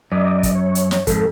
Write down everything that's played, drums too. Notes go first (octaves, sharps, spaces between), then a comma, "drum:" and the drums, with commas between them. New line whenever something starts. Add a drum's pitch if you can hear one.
F#2 D5 D#5
drum: kick, hi-hat
C#5
drum: hi-hat
drum: snare
F2 G#2 A4, drum: kick, hi-hat